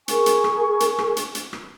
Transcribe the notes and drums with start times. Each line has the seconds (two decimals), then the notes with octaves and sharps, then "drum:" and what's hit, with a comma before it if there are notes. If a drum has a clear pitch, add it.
0.08 G#4 A#4 G#5 C#6, drum: hi-hat
0.26 drum: hi-hat
0.44 drum: rim click
0.80 drum: hi-hat
0.98 drum: rim click
1.17 drum: hi-hat
1.35 drum: hi-hat
1.53 drum: rim click